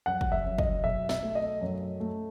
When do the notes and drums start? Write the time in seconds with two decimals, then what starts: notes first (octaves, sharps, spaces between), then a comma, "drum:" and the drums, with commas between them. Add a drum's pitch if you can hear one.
0.06 F#2 F#5
0.21 drum: kick
0.32 E5
0.45 F#2
0.58 D#5, drum: kick
0.84 B1 E5
1.09 E5, drum: snare
1.23 A3
1.35 D#5
1.61 F#2
2.00 A3